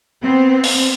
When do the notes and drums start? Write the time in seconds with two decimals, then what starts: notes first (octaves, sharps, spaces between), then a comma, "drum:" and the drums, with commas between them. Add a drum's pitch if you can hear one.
0.23 B3 C4
0.63 drum: open hi-hat